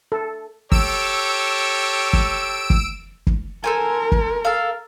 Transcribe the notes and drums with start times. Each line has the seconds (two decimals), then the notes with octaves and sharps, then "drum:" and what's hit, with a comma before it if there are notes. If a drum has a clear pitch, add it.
0.12 A4
0.72 G4 A4 C#5 E6 D7, drum: kick
2.13 drum: kick
2.70 drum: kick
3.27 drum: kick
3.64 A4 A#4 C5 G#5
4.12 drum: kick
4.45 A4 F5